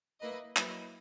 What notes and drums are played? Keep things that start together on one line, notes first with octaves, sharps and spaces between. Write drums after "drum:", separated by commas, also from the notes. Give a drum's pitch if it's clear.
A#3 E4 B4 D#5
F#3 A#3 E4 B4 D#5, drum: clap